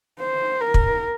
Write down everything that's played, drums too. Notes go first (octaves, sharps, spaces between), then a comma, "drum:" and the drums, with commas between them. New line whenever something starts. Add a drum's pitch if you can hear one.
C5
A#4
drum: kick